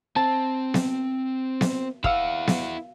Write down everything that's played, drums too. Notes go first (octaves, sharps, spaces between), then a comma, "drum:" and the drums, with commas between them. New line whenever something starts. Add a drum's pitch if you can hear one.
C4 A5
drum: snare B3
drum: snare B3
E4 F5 F#5 E6, drum: kick
drum: snare B3